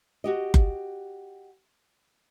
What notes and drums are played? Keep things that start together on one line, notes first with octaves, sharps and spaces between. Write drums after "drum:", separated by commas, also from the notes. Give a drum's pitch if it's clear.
F#4 G4 D#5
drum: kick F#1